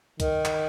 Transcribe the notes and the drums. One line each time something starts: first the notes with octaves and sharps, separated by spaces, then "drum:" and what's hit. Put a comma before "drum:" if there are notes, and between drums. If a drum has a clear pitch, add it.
D#3, drum: kick C2, hi-hat
drum: clap